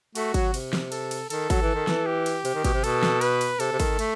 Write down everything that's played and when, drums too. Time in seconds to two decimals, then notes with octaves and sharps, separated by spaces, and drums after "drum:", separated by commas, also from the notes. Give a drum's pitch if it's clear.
0.15 A3 F#4, drum: cymbal
0.34 F#3, drum: kick G#1, cymbal
0.54 C3, drum: cymbal
0.73 drum: snare
0.92 A4, drum: cymbal
1.11 drum: cymbal
1.30 D#3 A4, drum: cymbal
1.50 F#3, drum: kick G#1, cymbal
1.62 E3
1.75 D#3
1.87 E3, drum: snare
2.06 G4
2.26 drum: cymbal
2.45 C3, drum: cymbal
2.55 D#3
2.65 B2, drum: kick G#1, cymbal
2.74 C3
2.84 B2 A4, drum: cymbal
3.03 drum: snare
3.21 B4, drum: cymbal
3.41 drum: cymbal
3.60 C3 A4, drum: cymbal
3.73 C3
3.80 D#3, drum: kick G#1, cymbal
3.99 A3, drum: cymbal